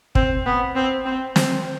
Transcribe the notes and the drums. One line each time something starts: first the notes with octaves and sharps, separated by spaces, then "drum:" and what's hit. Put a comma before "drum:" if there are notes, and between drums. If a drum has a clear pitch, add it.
C4, drum: kick
B3
C4
C4
C4, drum: snare